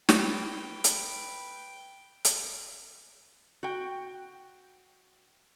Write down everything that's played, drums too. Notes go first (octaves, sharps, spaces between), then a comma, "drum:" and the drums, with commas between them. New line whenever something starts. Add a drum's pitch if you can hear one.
B4 G5, drum: snare
drum: hi-hat
drum: hi-hat
F#4 G5